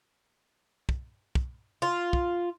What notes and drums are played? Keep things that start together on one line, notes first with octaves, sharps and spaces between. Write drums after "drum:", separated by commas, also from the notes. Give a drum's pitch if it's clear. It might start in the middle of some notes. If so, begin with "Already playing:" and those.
drum: kick
drum: kick
F4
drum: kick